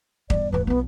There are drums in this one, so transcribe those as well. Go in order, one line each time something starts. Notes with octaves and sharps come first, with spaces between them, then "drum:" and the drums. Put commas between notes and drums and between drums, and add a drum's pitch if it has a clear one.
E2 G2 D5, drum: kick
D#1 A1 B4
B1 F3 B3